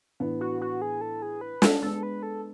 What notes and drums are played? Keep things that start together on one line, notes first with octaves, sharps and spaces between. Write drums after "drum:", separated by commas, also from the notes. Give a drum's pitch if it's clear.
A2 E3 B3 D4
F#4
F#4
G#4
A4
G#4
B4
A4, drum: snare
G#3 B3 D4 A4
B4
A4